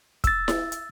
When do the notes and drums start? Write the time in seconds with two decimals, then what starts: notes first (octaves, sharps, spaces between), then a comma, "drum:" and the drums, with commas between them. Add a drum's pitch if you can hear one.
0.24 E6 A6, drum: kick, hi-hat
0.48 drum: snare E4
0.72 drum: hi-hat